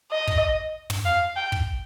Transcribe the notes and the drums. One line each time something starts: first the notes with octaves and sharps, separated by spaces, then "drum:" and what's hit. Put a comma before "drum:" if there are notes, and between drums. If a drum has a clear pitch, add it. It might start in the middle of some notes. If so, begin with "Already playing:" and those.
D#5
drum: kick
drum: tom
F5
G5
drum: kick